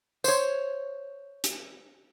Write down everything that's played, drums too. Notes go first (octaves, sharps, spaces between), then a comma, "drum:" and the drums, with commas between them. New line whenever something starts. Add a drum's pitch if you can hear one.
C5 C#5, drum: tambourine
drum: hi-hat